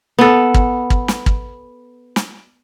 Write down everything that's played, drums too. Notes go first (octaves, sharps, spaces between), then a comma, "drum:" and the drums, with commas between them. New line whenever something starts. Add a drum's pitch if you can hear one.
B3 A4
drum: kick
drum: kick
drum: snare
drum: kick
drum: snare